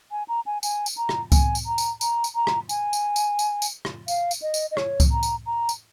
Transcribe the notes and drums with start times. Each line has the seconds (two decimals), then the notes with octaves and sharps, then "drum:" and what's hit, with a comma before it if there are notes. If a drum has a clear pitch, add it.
0.11 G#5
0.28 A#5
0.46 G#5
0.63 G#5, drum: tambourine
0.86 drum: tambourine
0.97 A#5
1.09 drum: rim click
1.32 G#5, drum: kick C2, tambourine
1.55 drum: tambourine
1.66 A#5
1.78 drum: tambourine
2.01 A#5, drum: tambourine
2.24 drum: tambourine
2.35 A#5
2.47 drum: rim click
2.69 G#5, drum: tambourine
2.93 drum: tambourine
3.16 drum: tambourine
3.39 drum: tambourine
3.62 drum: tambourine
3.85 drum: rim click
4.08 F5, drum: tambourine
4.31 drum: tambourine
4.42 D#5
4.54 drum: tambourine
4.71 D#5
4.77 C#5, drum: rim click
5.00 drum: kick C2, tambourine
5.12 A#5
5.23 drum: tambourine
5.46 A#5
5.69 drum: tambourine